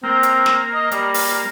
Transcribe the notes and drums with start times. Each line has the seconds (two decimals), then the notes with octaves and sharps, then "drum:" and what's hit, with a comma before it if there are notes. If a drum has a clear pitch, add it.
0.03 A#3 C4
0.23 drum: hi-hat
0.46 drum: snare
0.74 D#5
0.91 G3, drum: hi-hat
1.14 drum: open hi-hat